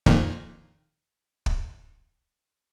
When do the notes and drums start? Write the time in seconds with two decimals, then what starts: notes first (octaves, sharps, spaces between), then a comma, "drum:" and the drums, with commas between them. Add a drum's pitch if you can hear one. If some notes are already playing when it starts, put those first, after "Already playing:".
0.06 F2 A#2 D#3, drum: kick
1.46 drum: kick